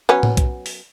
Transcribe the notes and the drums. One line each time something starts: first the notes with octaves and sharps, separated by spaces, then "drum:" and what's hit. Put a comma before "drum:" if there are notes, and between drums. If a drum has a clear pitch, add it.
F#3 B3 C#4
drum: tom A2
drum: kick B1, hi-hat
drum: open hi-hat